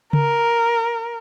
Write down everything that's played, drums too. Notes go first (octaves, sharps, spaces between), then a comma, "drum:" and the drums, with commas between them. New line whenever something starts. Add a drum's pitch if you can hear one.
A#4, drum: tom C#3